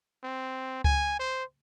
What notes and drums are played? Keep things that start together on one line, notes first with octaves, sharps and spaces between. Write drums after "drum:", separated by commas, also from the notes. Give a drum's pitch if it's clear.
C4
G#5, drum: kick C#2
C5